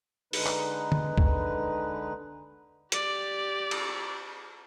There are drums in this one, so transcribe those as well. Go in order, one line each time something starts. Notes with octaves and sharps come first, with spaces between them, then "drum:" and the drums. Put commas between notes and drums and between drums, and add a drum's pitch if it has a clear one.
D3 G#3 D#4 B4, drum: open hi-hat
drum: clap
drum: tom D3
drum: kick
G4 D5, drum: hi-hat
drum: cymbal